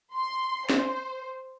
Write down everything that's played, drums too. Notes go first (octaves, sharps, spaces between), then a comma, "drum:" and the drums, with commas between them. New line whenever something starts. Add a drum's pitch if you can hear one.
C6
C5, drum: snare